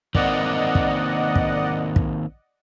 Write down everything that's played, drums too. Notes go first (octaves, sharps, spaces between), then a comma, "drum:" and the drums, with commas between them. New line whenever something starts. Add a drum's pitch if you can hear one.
D#3 A#3 C4 D5 D#5 F#5, drum: kick
drum: kick
drum: kick
drum: kick